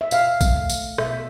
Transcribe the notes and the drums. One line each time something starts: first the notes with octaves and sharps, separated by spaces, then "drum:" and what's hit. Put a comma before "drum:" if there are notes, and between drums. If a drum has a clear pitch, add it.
E5
B2 F5, drum: tambourine
drum: kick A1, tambourine
A3
drum: tambourine
B2 E5, drum: rim click